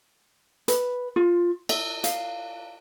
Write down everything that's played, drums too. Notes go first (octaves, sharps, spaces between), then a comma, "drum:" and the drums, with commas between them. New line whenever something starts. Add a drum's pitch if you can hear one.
B4, drum: hi-hat
F4
E5, drum: cymbal
F5, drum: hi-hat